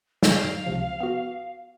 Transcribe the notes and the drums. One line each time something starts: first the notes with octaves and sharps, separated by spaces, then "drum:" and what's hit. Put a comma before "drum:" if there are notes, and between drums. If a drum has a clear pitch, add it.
F5, drum: snare
C#2 C3 F3
B3 F#4